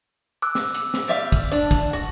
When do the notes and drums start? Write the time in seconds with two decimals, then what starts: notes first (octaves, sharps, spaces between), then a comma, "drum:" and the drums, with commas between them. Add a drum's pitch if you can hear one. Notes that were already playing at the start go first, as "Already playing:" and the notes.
0.42 D6 E6 F#6
0.55 drum: snare
0.74 drum: hi-hat
0.94 drum: snare
1.08 G3 E5 F5
1.32 drum: kick, hi-hat
1.52 D4, drum: hi-hat
1.71 drum: kick, hi-hat
1.93 F#4